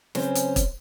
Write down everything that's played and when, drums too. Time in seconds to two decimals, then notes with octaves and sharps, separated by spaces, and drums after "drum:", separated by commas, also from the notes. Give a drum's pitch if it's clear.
0.15 C#3 F#3 C4 C#4 B4 C5, drum: snare
0.35 drum: hi-hat
0.56 drum: kick, hi-hat